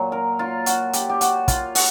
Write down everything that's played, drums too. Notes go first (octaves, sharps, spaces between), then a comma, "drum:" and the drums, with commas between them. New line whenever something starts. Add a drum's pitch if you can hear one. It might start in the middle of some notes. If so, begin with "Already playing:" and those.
Already playing: A#2 F#3
A#4
F4
F#4, drum: hi-hat
G4, drum: hi-hat
G4
F#4, drum: hi-hat
F4, drum: kick, hi-hat
F#4, drum: open hi-hat